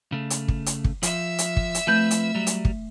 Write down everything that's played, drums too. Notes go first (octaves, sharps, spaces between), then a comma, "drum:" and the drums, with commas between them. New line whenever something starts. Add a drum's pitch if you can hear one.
C#3 A3
drum: hi-hat
drum: kick
drum: hi-hat
drum: kick
F3 E5 E6, drum: hi-hat
drum: hi-hat
drum: kick
drum: hi-hat
F3 A3 C4 B4 G6
drum: hi-hat
F#3 G3
drum: hi-hat
drum: kick